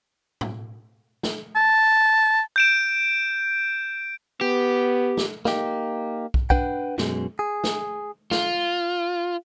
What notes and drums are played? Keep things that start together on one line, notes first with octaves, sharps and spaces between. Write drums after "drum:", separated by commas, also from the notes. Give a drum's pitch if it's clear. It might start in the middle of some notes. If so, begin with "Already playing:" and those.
drum: tom A2
drum: snare
A5
G6 D7 E7
B3 G4
drum: snare
A#3 D#4 G4, drum: snare
drum: kick
D4 B4 F#5 G5, drum: kick
F#2 B2 G#3, drum: snare
G#4
drum: snare
F4, drum: snare